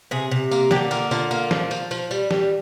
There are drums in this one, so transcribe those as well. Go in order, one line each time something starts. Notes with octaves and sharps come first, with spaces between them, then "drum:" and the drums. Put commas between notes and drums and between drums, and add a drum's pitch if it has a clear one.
C3 G#4
C3
A#3, drum: tambourine
D3 G4, drum: snare
A#3 F4, drum: tambourine
D3 F4, drum: tambourine
A#3, drum: tambourine
F3, drum: snare
F3, drum: tambourine
F3, drum: tambourine
G3, drum: tambourine
G3, drum: snare